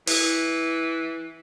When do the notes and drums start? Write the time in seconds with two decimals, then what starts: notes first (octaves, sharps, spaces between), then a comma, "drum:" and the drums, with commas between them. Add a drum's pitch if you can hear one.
0.07 E3, drum: open hi-hat